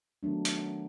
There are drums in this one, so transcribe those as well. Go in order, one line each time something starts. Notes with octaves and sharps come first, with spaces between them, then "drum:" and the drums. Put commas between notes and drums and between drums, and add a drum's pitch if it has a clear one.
D#3 F#3 A3 B3 D4
drum: hi-hat